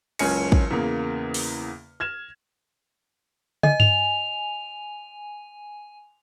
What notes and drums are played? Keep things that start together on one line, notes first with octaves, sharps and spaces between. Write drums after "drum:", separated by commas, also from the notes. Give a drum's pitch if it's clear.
F#1 C#2 C#4 G#5 F6 C#7, drum: cymbal
drum: kick
E2 C#3 A#3
drum: open hi-hat
F6 G#6 E7
D#5 G#5, drum: tom
F7, drum: tom G2